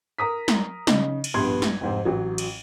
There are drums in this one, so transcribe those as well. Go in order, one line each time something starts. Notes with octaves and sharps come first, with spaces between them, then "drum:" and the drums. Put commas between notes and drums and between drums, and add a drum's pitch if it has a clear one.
A#4 A#5 D#6 B6
drum: snare
C#3 D#4, drum: snare
drum: cymbal
A#1 G2 B3 C6 G#6
drum: snare
F1 G#2 C4
A1 F#3
drum: cymbal